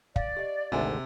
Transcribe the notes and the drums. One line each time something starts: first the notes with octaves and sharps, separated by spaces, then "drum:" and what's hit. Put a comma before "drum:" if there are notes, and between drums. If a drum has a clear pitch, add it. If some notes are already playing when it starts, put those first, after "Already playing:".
D5 F5, drum: kick
G4 D#5
G#1 D2 C3 E5 G#5 C6